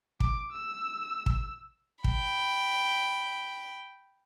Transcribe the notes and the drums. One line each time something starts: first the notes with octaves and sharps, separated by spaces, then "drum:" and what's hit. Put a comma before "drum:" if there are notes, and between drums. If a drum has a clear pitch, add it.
D6, drum: kick
E6
drum: kick
G5 B5, drum: kick